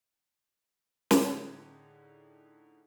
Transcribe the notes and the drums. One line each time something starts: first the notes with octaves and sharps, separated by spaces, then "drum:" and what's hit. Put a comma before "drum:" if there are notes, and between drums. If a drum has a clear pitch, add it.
A2 D3 D#4 G#4 G#6, drum: snare